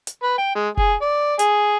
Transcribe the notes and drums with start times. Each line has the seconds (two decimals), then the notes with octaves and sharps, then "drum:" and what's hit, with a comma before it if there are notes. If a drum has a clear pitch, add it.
0.07 drum: hi-hat
0.23 B4
0.38 G5
0.55 G#3
0.77 G#4, drum: kick F1
1.02 D5
1.39 G#4, drum: hi-hat